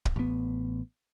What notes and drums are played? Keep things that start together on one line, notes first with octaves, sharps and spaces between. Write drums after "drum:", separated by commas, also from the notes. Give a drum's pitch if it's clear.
drum: kick
A1 B3